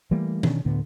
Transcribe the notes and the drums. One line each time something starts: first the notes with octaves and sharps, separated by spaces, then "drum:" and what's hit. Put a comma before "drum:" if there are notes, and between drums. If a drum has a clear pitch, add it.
E3 G3 A3 A#3
B2 D#3 C#4 D4, drum: tom E3
D2 A2 D3 B3